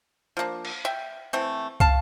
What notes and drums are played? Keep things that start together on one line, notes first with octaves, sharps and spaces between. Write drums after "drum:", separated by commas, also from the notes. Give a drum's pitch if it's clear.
F3 A#3 D4
drum: cymbal
E5 G5
E3 A3 C4
F5 A5, drum: kick